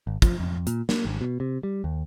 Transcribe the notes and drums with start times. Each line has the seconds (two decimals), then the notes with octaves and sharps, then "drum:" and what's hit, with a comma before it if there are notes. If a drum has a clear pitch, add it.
0.07 G#1
0.22 F3, drum: kick, hi-hat
0.40 F2
0.67 A#2, drum: hi-hat
0.89 A#3, drum: snare
1.05 G#1
1.21 B2
1.40 C3
1.63 G3
1.84 D#2